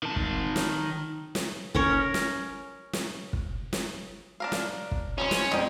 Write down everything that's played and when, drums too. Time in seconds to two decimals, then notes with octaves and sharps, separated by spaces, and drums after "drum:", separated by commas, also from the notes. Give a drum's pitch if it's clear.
0.03 D#3 A5
0.16 drum: kick
0.56 drum: snare
1.35 drum: snare
1.75 C#4 A#4 C#5, drum: kick
2.14 drum: snare
2.93 drum: snare
3.33 drum: kick
3.73 drum: snare
4.40 D4 A#4 F5
4.52 drum: snare
4.91 drum: kick
5.18 D#3 G3 C#4 C5
5.31 drum: snare
5.51 F2 G#3 D#4 G#4 D5 G5